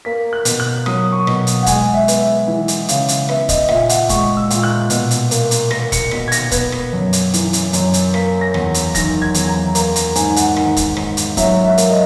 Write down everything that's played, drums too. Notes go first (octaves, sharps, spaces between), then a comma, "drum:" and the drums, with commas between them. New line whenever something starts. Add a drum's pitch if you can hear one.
A#3 B6
F#6
B2, drum: hi-hat
F#6
F#3 D#6, drum: rim click
C#6
B2, drum: rim click
drum: hi-hat
F#5
G#3 G#5, drum: kick, hi-hat
E5
B3, drum: hi-hat
E5
E3
drum: hi-hat
C#3, drum: hi-hat
drum: hi-hat
B3 E5, drum: rim click
D#5, drum: kick, hi-hat
A#2 E5, drum: rim click
F#5, drum: hi-hat
G#3 C#6, drum: kick, hi-hat
E6
A#2, drum: hi-hat
F#6
B2, drum: hi-hat
drum: hi-hat
A#3, drum: hi-hat
drum: hi-hat
A#3 A#6, drum: rim click
C#7, drum: kick, hi-hat
B2 B6, drum: rim click
G#6
A#6, drum: hi-hat
B3, drum: kick, hi-hat
drum: rim click
F#2
drum: hi-hat
E3, drum: hi-hat
drum: hi-hat
F#2, drum: hi-hat
drum: hi-hat
A#3 B6, drum: rim click
A#6
E2, drum: rim click
drum: hi-hat
D#3 A#6, drum: kick, hi-hat
G#6
E2, drum: hi-hat
A#5
A#3 A#5, drum: hi-hat
A#5, drum: hi-hat
G#2 G#5, drum: hi-hat
F#5, drum: hi-hat
D#3, drum: rim click
drum: kick, hi-hat
G#2, drum: rim click
drum: hi-hat
F#3 E5, drum: kick, hi-hat
E5
A#3, drum: hi-hat
D#5